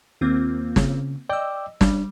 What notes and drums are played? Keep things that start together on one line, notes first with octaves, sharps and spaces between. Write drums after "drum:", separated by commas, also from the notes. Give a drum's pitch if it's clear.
D#2 A#3 C4 F4
C#3, drum: snare
D5 D#5 G5 D6 E6
G3 D4, drum: snare